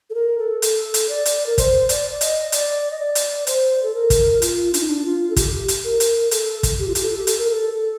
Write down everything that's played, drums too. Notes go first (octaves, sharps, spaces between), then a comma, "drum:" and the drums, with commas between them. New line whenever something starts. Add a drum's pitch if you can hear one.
A4
A#4
A4
A4, drum: hi-hat
drum: hi-hat
D5
drum: hi-hat
A#4
C5, drum: kick, hi-hat
D5, drum: hi-hat
D5
D#5, drum: hi-hat
D5, drum: hi-hat
D#5
D5
drum: hi-hat
C5, drum: hi-hat
A4
A#4
drum: kick, hi-hat
F4, drum: hi-hat
D4, drum: hi-hat
D#4
D4
F4
A4
G4, drum: kick, hi-hat
drum: hi-hat
A#4
drum: hi-hat
A4, drum: hi-hat
drum: kick, hi-hat
G4
F4
G4, drum: hi-hat
A4
G4
A4, drum: hi-hat
A#4
A4
A4